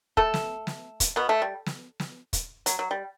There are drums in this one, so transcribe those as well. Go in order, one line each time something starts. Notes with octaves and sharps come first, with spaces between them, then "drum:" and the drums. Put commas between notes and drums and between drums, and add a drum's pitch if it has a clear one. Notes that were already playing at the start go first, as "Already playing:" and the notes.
A3 A4, drum: kick
drum: snare
drum: snare
drum: kick, hi-hat
B2 B3
A3
G3
drum: snare
drum: snare
drum: kick, hi-hat
F#3, drum: hi-hat
F#3
G3